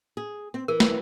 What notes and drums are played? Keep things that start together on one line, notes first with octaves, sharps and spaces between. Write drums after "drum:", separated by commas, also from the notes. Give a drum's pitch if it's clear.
G#4
C4
E3 A#4
drum: snare